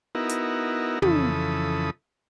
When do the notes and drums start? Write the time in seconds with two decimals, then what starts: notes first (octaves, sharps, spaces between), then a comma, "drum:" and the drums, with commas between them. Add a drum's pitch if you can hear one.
0.15 B3 D#4 E4 F#4 A#4
0.29 drum: hi-hat
1.02 F2 C#3 E3 A4 B5 D#6, drum: tom